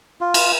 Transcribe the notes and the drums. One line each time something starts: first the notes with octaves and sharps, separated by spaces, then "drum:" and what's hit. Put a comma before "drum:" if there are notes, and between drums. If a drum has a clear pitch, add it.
F4
drum: cymbal